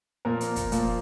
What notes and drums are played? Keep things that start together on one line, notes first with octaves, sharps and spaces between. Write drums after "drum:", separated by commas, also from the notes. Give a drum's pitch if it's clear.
A#2 F3 A#3 A#4
drum: hi-hat
drum: kick, hi-hat
A#2 F3 A#3, drum: hi-hat